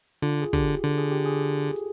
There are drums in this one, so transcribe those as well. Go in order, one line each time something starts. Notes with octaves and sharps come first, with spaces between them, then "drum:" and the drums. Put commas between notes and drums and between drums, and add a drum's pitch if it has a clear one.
D3 F4, drum: hi-hat
G#4
D3 G4, drum: kick
drum: hi-hat
D3 A4, drum: hi-hat
G#4, drum: hi-hat
G4
G#4
drum: hi-hat
drum: hi-hat
drum: hi-hat